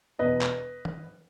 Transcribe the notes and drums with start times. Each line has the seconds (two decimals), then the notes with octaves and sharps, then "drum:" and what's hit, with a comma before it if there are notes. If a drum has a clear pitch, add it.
0.19 E1 E2 B2 B4 D#5
0.41 drum: clap
0.85 drum: tom D#3